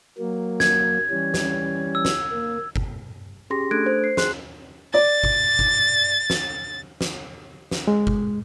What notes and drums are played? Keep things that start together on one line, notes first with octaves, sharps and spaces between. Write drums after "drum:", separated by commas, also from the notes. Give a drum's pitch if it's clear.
F#3 A#3
G#6, drum: snare
E3 G3 C#4
drum: snare
E6
drum: snare
A#3
drum: kick G1
C#4 G4 G#4 C6 A#6
A3 D4 A4 F#6 G#6 D7
C5
C7
G#4 C6 F#6, drum: snare
D5 A6
drum: kick G1
drum: kick G1
drum: snare
drum: snare
drum: snare
G#3
drum: kick G1